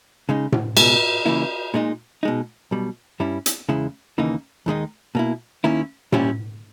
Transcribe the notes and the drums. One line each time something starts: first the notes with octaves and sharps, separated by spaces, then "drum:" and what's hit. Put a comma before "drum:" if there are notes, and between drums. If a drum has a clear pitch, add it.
C#3 G#3 D#4
drum: tom A2
C#2 B2 G#3, drum: cymbal
C#3 E3 A#3 E4
A#2 G#3 D#4
B2 G#3 D#4
B1 B2 G3
G2 G3 C#4 E4
drum: hi-hat
E2 C#3 G#3 C#4 E4
D#2 C#3 E3 A#3 D#4
D#2 D#3 G#3 D#4
B2 A#3 E4
D#2 D#3 A#3 C#4 E4
B1 A#2 G3 C#4 E4, drum: tom A2